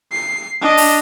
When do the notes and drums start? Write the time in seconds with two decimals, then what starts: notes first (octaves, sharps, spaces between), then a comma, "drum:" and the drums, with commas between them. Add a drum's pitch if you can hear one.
0.12 C7
0.61 D4 D#5
0.77 drum: open hi-hat